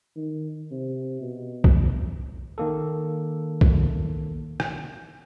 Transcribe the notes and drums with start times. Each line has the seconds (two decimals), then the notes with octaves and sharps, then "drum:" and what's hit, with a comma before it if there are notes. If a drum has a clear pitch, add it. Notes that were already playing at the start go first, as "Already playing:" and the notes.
0.16 D#3
0.71 C3
1.21 B2
1.64 drum: kick B1
2.58 D#3 A#3 A4
3.61 drum: kick B1
4.60 drum: rim click